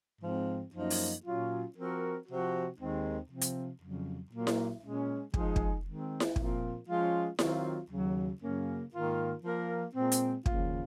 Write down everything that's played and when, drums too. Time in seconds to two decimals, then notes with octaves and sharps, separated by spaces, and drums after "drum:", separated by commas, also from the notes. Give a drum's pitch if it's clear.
0.22 G#2 F3 G#3 C4
0.73 F#2 F3 A#3 D#4
0.90 drum: open hi-hat
1.25 A#2 F#3 C#4 F4
1.76 F3 C4 F#4 A#4
2.27 C3 F3 C4 F#4
2.78 D#2 D#3 G#3 C4 D#4
3.29 C3 F3 C4
3.41 drum: hi-hat
3.80 F2 C#3 F#3
4.31 A#2 F#3 A#3
4.47 drum: snare E4
4.83 A#2 G#3 C#4
5.34 F3 G#3 D#4 G#4, drum: kick
5.56 drum: kick
5.85 D#3 G#3 C4
6.20 drum: snare E4
6.36 A#2 F3 C4 F4 A#4, drum: kick
6.87 F3 G#3 C#4 F4
7.39 D#3 F#3 C4 F4, drum: snare E4
7.90 D#2 C#3 F#3
8.41 F#2 C#3 F#3 A#3 C#4
8.92 G#2 D#3 A#3 F4 A#4
9.44 F3 A#3 F4 A#4
9.95 A#2 G#3 C4
10.12 drum: hi-hat
10.46 D#2 C#3 F3 A#3 F4, drum: kick